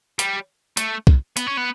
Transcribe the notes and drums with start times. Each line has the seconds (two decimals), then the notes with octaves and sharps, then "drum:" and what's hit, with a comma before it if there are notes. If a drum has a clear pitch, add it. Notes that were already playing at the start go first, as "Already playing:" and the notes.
0.19 G3, drum: hi-hat
0.77 A3, drum: hi-hat
1.07 drum: kick
1.37 B3, drum: hi-hat
1.47 C#4
1.57 B3